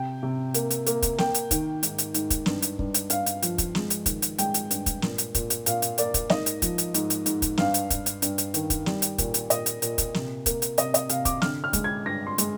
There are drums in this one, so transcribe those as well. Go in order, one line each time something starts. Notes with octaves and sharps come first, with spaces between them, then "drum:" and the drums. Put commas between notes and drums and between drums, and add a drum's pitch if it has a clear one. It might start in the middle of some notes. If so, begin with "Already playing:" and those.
Already playing: C3 G5
C3
A#3, drum: hi-hat
drum: hi-hat
A#3, drum: hi-hat
drum: kick, hi-hat
A#3 G5, drum: snare
drum: hi-hat
D#3, drum: kick, hi-hat
G#2, drum: hi-hat
drum: hi-hat
G#2, drum: hi-hat
drum: kick, hi-hat
G2, drum: snare
drum: hi-hat
G2, drum: kick
drum: hi-hat
G2 F5, drum: hi-hat
drum: hi-hat
F3, drum: hi-hat
drum: kick, hi-hat
G#3, drum: snare
drum: hi-hat
D#3, drum: kick, hi-hat
drum: hi-hat
G#3 G5, drum: hi-hat
drum: hi-hat
G2, drum: hi-hat
drum: kick, hi-hat
A#2, drum: snare
drum: hi-hat
A#2, drum: kick, hi-hat
drum: hi-hat
A#2 F5, drum: hi-hat
drum: hi-hat
A#3 D5, drum: hi-hat
drum: kick, hi-hat
G#2 D#5, drum: snare
drum: hi-hat
F3, drum: kick, hi-hat
drum: hi-hat
G#2, drum: hi-hat
drum: hi-hat
G#2, drum: hi-hat
drum: kick, hi-hat
G2 F5, drum: snare
drum: hi-hat
G2, drum: kick, hi-hat
drum: hi-hat
G2, drum: hi-hat
drum: hi-hat
D#3, drum: hi-hat
drum: kick, hi-hat
G3, drum: snare
drum: hi-hat
A#2, drum: kick, hi-hat
drum: hi-hat
A#2 D#5, drum: hi-hat
drum: hi-hat
A#2, drum: hi-hat
drum: kick, hi-hat
C3, drum: snare
A#3, drum: kick, hi-hat
drum: hi-hat
C3 D#5, drum: hi-hat
D#5, drum: hi-hat
C3 F5, drum: hi-hat
D6, drum: kick, hi-hat
D3 F6, drum: snare
F6
G#3, drum: kick, hi-hat
G#6
G2 A#6
C6
G#3, drum: hi-hat